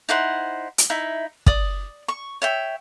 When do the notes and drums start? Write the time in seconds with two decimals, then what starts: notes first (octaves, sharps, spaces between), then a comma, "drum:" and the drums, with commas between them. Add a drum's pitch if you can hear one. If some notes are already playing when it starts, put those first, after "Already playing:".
0.09 D#4 E4 C5 F#5
0.78 drum: hi-hat
0.90 D#4 E4 E5
1.46 D5 D#6, drum: kick
2.08 C#6
2.42 C#5 E5 G5